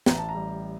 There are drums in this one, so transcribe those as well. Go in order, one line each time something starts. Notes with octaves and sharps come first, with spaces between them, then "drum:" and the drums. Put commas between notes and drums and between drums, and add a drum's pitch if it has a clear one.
A1 A#5, drum: snare
A5
A#5
G3